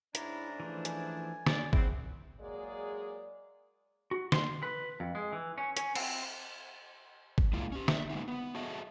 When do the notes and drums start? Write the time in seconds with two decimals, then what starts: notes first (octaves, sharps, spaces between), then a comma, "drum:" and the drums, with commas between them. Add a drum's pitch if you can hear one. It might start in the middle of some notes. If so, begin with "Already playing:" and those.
0.15 G#2 C#4 D4 E4 A#5, drum: hi-hat
0.60 E3 F3 A3
0.85 G#5, drum: hi-hat
1.46 C#3 F#3 D5, drum: snare
1.73 C4 E4 G#4 F#5, drum: kick
2.40 F#3 G#3 A#3 G#4 D5
4.11 F#4
4.32 C6, drum: snare
4.63 B4
5.00 F2
5.15 G#3
5.33 E3
5.58 C#4
5.77 C#4, drum: hi-hat
5.95 C4, drum: cymbal
7.38 drum: kick
7.53 G#3 A#3 E4 F4 G#4
7.72 C#4 G4
7.88 E5, drum: snare
8.10 G#3 A#3 B3 D#4
8.28 B3
8.54 F#4 G#4 A4 D#5 E5